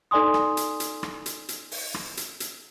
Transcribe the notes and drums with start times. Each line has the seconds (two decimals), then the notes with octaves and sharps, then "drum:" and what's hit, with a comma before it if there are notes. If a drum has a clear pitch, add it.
0.11 D#4 A4 D5 G#5 C6 D#6
0.34 drum: rim click
0.57 drum: hi-hat
0.80 drum: hi-hat
1.03 drum: rim click
1.26 drum: hi-hat
1.49 drum: hi-hat
1.71 drum: open hi-hat
1.94 drum: rim click
2.17 drum: hi-hat
2.40 drum: hi-hat